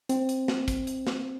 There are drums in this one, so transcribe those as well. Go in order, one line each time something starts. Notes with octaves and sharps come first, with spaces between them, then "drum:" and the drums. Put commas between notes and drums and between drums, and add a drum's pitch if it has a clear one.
C4, drum: hi-hat
drum: hi-hat
drum: snare
drum: kick, hi-hat
drum: hi-hat
drum: snare